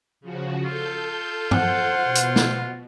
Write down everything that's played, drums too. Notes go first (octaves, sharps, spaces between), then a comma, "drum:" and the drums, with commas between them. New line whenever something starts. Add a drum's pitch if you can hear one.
C#3 F3 F#4
F4 A4 G6
C5 F#5, drum: tom
B2
drum: hi-hat
drum: snare